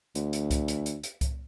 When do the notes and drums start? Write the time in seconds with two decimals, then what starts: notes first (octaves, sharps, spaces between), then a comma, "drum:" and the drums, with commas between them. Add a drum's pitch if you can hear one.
0.15 D2, drum: hi-hat
0.33 drum: hi-hat
0.51 drum: kick C2, hi-hat
0.68 drum: hi-hat
0.86 drum: hi-hat
1.04 drum: hi-hat
1.21 drum: kick C2, hi-hat